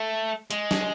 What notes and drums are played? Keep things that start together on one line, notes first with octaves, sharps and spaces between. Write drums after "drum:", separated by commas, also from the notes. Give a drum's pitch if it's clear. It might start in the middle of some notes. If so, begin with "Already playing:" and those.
Already playing: A3
G#3, drum: hi-hat
drum: snare